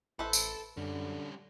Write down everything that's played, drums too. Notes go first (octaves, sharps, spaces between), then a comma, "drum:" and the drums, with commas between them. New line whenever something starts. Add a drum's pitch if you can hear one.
A1 A4 B4 C5 E5
drum: tambourine
F#2 D3 G3 C#4